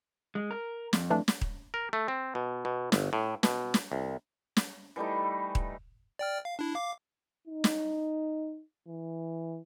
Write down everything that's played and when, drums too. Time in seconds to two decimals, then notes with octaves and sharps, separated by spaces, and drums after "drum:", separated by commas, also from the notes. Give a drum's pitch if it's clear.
0.35 G#3
0.51 A#4
0.93 F2, drum: snare
1.10 E3 A3 D4
1.28 drum: snare
1.41 drum: kick D#1
1.74 A#4
1.93 A3
2.08 C4
2.35 B2
2.65 B2
2.92 G1, drum: snare
3.13 A2
3.43 B2, drum: snare
3.74 drum: snare
3.92 C2
4.57 drum: snare
4.96 E3 G3 A3 D#4
5.55 drum: kick D#1
6.19 D5 G5 F6
6.45 F5
6.59 D4 E4
6.75 F5 D6
7.48 D#4
7.64 drum: snare
8.88 E3